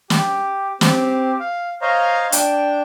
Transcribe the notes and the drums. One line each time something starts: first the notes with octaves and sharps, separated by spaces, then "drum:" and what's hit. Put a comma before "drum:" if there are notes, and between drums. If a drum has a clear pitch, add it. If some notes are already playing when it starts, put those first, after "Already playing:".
G4, drum: snare
C4 G4, drum: snare
F5
C5 C#5 D#5 F5 A#5
D4 G5, drum: hi-hat